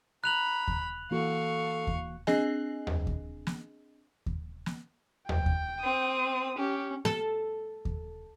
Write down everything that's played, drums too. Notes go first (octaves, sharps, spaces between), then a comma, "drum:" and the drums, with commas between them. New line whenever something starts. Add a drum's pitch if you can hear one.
A#5 B5 F#6 F7 F#7
drum: kick D#2
E3 A#3 F#4 A4 F5 C#6
drum: kick D#2
C4 D4 G#4 D#5 G#5, drum: snare
drum: tom D#2
drum: kick D#2
drum: snare
drum: kick D#2
drum: snare
G5, drum: tom D#2
drum: kick D#2
C4 D#6
C#4 G4
A4, drum: snare
drum: kick D#2